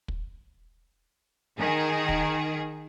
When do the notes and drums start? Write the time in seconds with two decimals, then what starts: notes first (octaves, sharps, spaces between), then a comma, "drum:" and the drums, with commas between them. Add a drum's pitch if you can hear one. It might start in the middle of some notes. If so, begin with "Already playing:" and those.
0.08 drum: kick
1.59 D#3 G#4
2.09 drum: kick